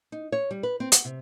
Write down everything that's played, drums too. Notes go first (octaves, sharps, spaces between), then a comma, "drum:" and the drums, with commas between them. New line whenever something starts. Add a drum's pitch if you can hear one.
D#4
C#5
G3
B4
C4
F#5, drum: hi-hat
C3